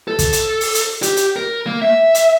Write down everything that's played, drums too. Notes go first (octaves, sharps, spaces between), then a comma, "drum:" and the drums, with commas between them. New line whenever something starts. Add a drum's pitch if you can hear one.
A4
drum: kick, hi-hat
drum: hi-hat
drum: open hi-hat
drum: hi-hat
G4, drum: hi-hat
drum: hi-hat
A#4
A#3
E5
drum: hi-hat